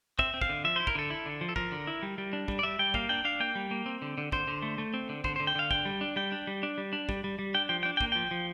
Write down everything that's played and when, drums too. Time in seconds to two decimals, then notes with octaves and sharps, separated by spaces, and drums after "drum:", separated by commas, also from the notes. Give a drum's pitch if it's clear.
0.19 C4 E5, drum: kick
0.34 C4
0.41 F5, drum: kick
0.49 D3
0.64 F3 E5
0.76 E4 C5
0.87 A#4, drum: kick
0.95 D3 A4
1.10 E4
1.26 D3
1.41 F3
1.49 A4
1.56 F3 A#4, drum: kick
1.72 D3
1.87 E4
2.03 G3
2.18 G3
2.33 D4
2.48 G3, drum: kick
2.59 D5
2.63 G3 E5
2.79 G3 G5
2.94 A#3 F5, drum: kick
3.09 D4 G5
3.25 D4 F5
3.40 A#3 G5
3.55 G3
3.71 A#3
3.86 C4
4.02 D3
4.18 D3
4.32 D3 C5, drum: kick
4.48 D3
4.62 A3
4.78 A3
4.94 C4
5.09 D3
5.24 D3 C5, drum: kick
5.36 D3 C5
5.47 G5
5.55 D3 F5
5.71 D4 G5, drum: kick
5.85 G3
6.01 D4
6.16 G3 G5
6.32 D4
6.47 G3
6.63 D4
6.78 G3
6.93 D4
7.09 G3, drum: kick
7.24 G3
7.39 G3
7.54 D4 G5
7.69 F3 G5
7.83 G5
7.85 D4
7.97 G5
8.01 A#3, drum: kick
8.12 F3 G5
8.31 F3